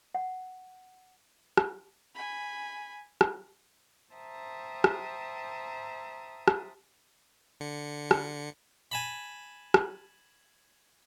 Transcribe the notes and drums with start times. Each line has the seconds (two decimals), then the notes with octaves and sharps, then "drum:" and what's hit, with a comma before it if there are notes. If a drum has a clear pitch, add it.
0.15 F#5
1.57 drum: rim click
2.15 G#5 B5
3.21 drum: rim click
4.14 C5 E5 G5 A5 A#5 D#6
4.84 drum: rim click
6.48 drum: rim click
7.60 D3 C#7
8.11 drum: rim click
8.92 G#5 A5 B5
9.74 drum: rim click